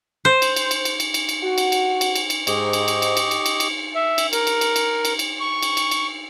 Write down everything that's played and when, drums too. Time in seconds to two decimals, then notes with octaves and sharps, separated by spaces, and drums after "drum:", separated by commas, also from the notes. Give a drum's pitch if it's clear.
0.25 C5
0.42 drum: cymbal
0.56 drum: cymbal
0.71 drum: cymbal
0.85 drum: cymbal
1.00 drum: cymbal
1.14 drum: cymbal
1.29 drum: cymbal
1.43 F#4
1.58 drum: cymbal
1.72 drum: cymbal
2.01 drum: cymbal
2.15 drum: cymbal
2.30 drum: cymbal
2.47 G#2 G4 D#5 C#6, drum: cymbal
2.73 drum: cymbal
2.88 drum: cymbal
3.02 drum: cymbal
3.17 drum: cymbal
3.31 drum: cymbal
3.46 drum: cymbal
3.60 drum: cymbal
3.95 E5
4.18 drum: cymbal
4.33 A#4, drum: cymbal
4.47 drum: cymbal
4.61 drum: cymbal
4.76 drum: cymbal
5.05 drum: cymbal
5.19 drum: cymbal
5.40 C#6
5.63 drum: cymbal
5.77 drum: cymbal
5.91 drum: cymbal